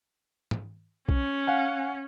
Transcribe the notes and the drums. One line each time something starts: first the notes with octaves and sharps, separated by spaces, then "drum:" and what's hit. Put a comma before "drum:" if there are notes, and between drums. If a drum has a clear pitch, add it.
drum: tom
C#4, drum: kick B1
F5 F#5 G#5